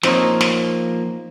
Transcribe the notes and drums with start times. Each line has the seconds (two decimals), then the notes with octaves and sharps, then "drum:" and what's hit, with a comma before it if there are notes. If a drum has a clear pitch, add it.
0.03 F3 A#3 C4 D#4 C#5, drum: snare
0.41 drum: snare